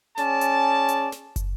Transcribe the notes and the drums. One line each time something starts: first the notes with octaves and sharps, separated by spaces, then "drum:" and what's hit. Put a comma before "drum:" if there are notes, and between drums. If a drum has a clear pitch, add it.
C#4 G#4 D5 A5, drum: snare
drum: hi-hat
drum: hi-hat
drum: snare
drum: kick, hi-hat